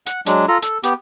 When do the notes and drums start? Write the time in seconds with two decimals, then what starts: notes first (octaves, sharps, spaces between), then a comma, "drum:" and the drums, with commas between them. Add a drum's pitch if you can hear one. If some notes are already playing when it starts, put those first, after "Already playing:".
0.06 F#5, drum: hi-hat
0.26 F#3 G#3 D4, drum: hi-hat
0.48 F4 A4 A#5
0.62 A4, drum: hi-hat
0.83 B3 G4, drum: hi-hat